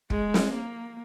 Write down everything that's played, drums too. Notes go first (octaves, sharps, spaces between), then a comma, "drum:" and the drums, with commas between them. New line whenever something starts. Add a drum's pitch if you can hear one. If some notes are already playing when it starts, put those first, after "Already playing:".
G#3, drum: kick
drum: snare
A#3